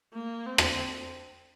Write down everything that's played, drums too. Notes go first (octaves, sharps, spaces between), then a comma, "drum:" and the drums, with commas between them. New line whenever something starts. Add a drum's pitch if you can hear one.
A#3
C4
drum: rim click